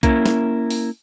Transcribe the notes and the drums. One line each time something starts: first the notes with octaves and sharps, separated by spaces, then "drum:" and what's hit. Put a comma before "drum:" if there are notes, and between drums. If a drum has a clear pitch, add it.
A#3 C#4 E4 A#4, drum: kick B1, hi-hat
drum: snare
drum: open hi-hat